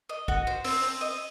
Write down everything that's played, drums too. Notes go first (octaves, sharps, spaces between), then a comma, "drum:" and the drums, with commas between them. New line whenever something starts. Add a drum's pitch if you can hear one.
D#5
F#4, drum: kick
C5
C4, drum: open hi-hat
C4
D#5